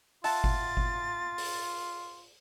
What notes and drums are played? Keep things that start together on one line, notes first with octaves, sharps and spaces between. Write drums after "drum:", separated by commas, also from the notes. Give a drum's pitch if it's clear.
F4 E5 F#5 A5 A6, drum: open hi-hat
drum: kick G1
drum: kick G1
drum: open hi-hat